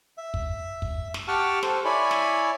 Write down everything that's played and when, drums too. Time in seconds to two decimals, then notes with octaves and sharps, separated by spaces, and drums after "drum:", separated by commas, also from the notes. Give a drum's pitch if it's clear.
0.18 E5
0.34 drum: kick
0.82 drum: kick
1.14 drum: snare
1.28 G4 F#5 G5 A5 C#6 F6
1.63 A4 C5, drum: snare
1.85 E4 C#5 D5 G#5 B5
2.11 drum: snare